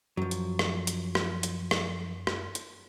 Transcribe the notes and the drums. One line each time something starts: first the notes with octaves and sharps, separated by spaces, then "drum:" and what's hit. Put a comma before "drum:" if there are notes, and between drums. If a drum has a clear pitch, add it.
F#2 F3 F#3
drum: hi-hat
drum: rim click
drum: hi-hat
drum: rim click
drum: hi-hat
drum: rim click
drum: rim click
drum: hi-hat